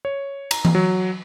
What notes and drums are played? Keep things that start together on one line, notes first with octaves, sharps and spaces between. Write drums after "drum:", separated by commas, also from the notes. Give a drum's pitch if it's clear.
C#5
A#5, drum: cymbal
drum: tom E3
F#3